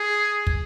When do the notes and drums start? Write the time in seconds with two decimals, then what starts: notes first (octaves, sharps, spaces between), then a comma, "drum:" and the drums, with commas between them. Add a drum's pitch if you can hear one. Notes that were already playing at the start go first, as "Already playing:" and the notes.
Already playing: G#4
0.47 drum: kick